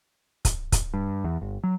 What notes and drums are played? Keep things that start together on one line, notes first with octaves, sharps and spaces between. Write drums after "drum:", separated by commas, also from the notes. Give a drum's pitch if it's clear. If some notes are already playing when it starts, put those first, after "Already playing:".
drum: kick C#1, hi-hat
drum: kick C#1, hi-hat
G2
E2
G1
F#3